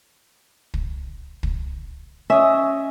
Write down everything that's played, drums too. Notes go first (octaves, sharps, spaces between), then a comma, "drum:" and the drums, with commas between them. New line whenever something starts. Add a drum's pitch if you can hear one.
drum: kick
drum: kick
C#4 D#5 E5